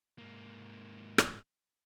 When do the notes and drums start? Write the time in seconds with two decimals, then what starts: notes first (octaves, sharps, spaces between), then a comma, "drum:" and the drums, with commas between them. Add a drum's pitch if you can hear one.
0.18 G#2 A#3
1.18 drum: rim click